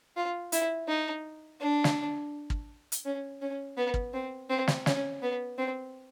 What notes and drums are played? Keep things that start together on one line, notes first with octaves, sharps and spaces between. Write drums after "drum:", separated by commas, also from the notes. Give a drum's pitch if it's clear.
F4
E4, drum: hi-hat
D#4
D4
drum: snare
drum: kick
drum: hi-hat
C#4
C#4
B3
drum: kick
C4
C4
drum: snare
C#4, drum: snare
B3
C4